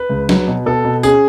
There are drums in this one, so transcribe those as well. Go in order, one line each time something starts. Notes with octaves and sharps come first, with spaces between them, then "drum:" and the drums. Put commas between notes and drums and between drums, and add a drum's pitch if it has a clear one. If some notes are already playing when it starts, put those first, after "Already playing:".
Already playing: B4
C#2
F#3, drum: snare
B2
B2 A4
B2
C#4 G#4, drum: tambourine